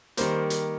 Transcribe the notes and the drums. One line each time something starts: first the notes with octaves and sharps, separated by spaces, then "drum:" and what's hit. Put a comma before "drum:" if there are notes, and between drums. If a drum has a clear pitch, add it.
D#3 G3 A#3 C5, drum: hi-hat
drum: hi-hat